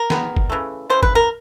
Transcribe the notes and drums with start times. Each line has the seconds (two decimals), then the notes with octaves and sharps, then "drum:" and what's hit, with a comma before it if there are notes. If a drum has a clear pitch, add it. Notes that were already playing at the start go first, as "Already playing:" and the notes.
Already playing: A#4
0.10 D#3 G#3 B3, drum: snare
0.37 drum: kick
0.50 C#3 E3 A3
0.90 C#3 E3 A3 C5
1.03 B4, drum: kick
1.15 A#4